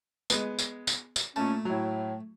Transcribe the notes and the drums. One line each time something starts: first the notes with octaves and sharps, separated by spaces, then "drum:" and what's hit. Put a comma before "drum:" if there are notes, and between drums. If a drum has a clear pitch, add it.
G#3 B3, drum: tambourine
drum: tambourine
drum: tambourine
drum: tambourine
A#2 A3 C#4 A5
A2 F#3 E4